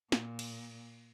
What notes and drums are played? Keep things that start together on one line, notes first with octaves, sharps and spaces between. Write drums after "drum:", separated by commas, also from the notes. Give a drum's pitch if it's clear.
A#2, drum: snare
drum: cymbal